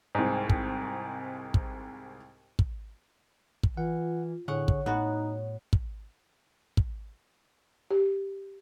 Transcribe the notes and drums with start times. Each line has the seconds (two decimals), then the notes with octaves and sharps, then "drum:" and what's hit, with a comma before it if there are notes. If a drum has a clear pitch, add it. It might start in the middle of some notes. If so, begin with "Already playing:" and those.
0.15 C2 G#2
0.50 drum: kick
1.54 drum: kick
2.59 drum: kick
3.63 drum: kick
3.77 E3 F4 F#5
4.48 A2 D3 G#4 C#5 F#5 C#6
4.68 drum: kick
4.86 A2 B3 D#4 F#4
5.73 drum: kick
6.77 drum: kick
7.91 G4